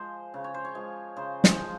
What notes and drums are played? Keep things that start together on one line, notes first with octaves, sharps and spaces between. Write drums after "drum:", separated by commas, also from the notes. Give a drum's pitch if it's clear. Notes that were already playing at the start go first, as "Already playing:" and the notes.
Already playing: F3 G#3 C5
C#3
C#5
C5
C#5
F3 G#3
C#3 C5
C5, drum: snare
F3 G#3